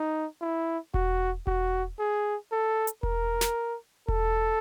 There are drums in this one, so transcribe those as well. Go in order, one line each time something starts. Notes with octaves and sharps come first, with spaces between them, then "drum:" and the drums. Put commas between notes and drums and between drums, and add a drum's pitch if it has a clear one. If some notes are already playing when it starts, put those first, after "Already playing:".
Already playing: D#4
E4
F#4, drum: kick E1
F#4, drum: kick E1
G#4
A4
drum: hi-hat
A#4, drum: kick E1
drum: snare
A4, drum: kick E1